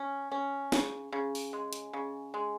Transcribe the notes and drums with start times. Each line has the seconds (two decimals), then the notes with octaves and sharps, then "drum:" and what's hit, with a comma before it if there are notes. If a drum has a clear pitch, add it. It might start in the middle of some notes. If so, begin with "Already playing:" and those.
Already playing: C#4
0.32 C#4
0.72 C#3, drum: snare
1.13 C#3
1.35 drum: open hi-hat
1.53 G#3
1.73 drum: hi-hat
1.93 C#3
2.34 G#3